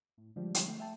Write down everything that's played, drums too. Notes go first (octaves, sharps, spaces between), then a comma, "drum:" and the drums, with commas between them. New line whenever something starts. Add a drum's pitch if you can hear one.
A2
D3 F3 G3 G#3
drum: hi-hat
A3
E5 G5 A5